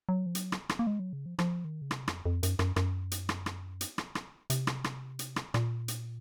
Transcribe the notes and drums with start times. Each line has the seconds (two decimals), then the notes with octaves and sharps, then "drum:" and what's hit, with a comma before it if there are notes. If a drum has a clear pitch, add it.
0.09 F#3
0.26 F3
0.35 F#3, drum: hi-hat
0.52 drum: rim click
0.69 drum: rim click
0.79 A#3
0.87 G#3
0.99 F#3
1.13 C#3
1.26 F3
1.39 F3, drum: rim click
1.65 D#3
1.82 C#3
1.91 C3, drum: rim click
2.08 F2, drum: rim click
2.26 F2
2.43 F#2, drum: hi-hat
2.59 F#2, drum: rim click
2.76 F#2, drum: rim click
3.11 drum: hi-hat
3.29 drum: rim click
3.46 drum: rim click
3.81 drum: hi-hat
3.98 drum: rim click
4.15 drum: rim click
4.50 C3, drum: hi-hat
4.67 drum: rim click
4.84 drum: rim click
5.19 drum: hi-hat
5.36 drum: rim click
5.54 A#2, drum: rim click
5.88 drum: hi-hat